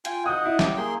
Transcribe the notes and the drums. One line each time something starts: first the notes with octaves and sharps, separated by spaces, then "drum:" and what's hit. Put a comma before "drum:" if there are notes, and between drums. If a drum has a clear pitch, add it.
F4 G5 G#5, drum: hi-hat
D#5 F#5 D#6 G6
E4
G4 G5, drum: snare
A#3 G#4 C6